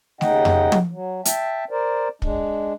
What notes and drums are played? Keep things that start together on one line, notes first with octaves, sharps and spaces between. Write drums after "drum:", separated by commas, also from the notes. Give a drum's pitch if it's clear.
D#2 C#3 D#4 D#5 F#5 G5, drum: snare A3
drum: tom F2
drum: tom
F#3
E5 G5 A5, drum: hi-hat
A#4 C5 D5
G#3 D4, drum: kick